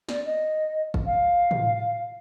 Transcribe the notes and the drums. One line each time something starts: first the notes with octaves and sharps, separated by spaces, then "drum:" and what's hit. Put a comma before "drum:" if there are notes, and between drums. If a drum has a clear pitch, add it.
D5, drum: snare
D#5
drum: kick G1
F5
drum: tom A2